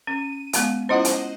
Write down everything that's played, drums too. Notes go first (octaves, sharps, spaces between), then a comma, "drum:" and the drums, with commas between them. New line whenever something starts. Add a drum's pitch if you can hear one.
C#4 D#7
G#3 B3 F5, drum: hi-hat
C#4 E4 F4 C5 D#5 F#5
drum: hi-hat